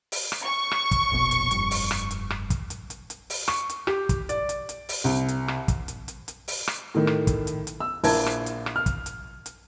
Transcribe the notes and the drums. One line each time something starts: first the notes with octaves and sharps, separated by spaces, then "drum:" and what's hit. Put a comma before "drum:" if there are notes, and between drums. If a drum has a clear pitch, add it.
drum: open hi-hat
drum: rim click
C#6
drum: rim click
drum: kick, hi-hat
F1 A#1 B2
drum: hi-hat
F1 G2, drum: hi-hat
drum: open hi-hat
drum: rim click
drum: hi-hat
drum: rim click
drum: kick, hi-hat
drum: hi-hat
drum: hi-hat
drum: hi-hat
drum: open hi-hat
C#6, drum: rim click
drum: hi-hat
G4, drum: rim click
drum: kick, hi-hat
D5, drum: hi-hat
drum: hi-hat
drum: hi-hat
drum: open hi-hat
C2
drum: hi-hat
drum: rim click
drum: kick, hi-hat
drum: hi-hat
drum: hi-hat
drum: hi-hat
drum: open hi-hat
drum: rim click
A2 D#3
drum: rim click
drum: kick, hi-hat
drum: hi-hat
drum: hi-hat
E6
A#1 E4 A#4 A5 G#6, drum: open hi-hat
drum: rim click
drum: hi-hat
drum: rim click
F6
drum: kick, hi-hat
drum: hi-hat
drum: hi-hat